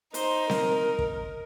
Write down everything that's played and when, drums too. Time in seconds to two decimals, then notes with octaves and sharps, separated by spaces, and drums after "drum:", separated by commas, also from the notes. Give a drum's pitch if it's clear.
0.14 D#4 C5, drum: hi-hat
0.50 A#4, drum: snare C4
0.99 drum: kick